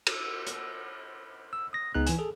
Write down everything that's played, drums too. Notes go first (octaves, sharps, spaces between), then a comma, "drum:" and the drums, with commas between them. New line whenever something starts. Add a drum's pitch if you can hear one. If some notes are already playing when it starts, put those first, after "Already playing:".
drum: cymbal
drum: hi-hat
E6
D#6 A#6
C#2 B3 D#4 G#4 F#6
E3 G#5, drum: hi-hat
G#4 A4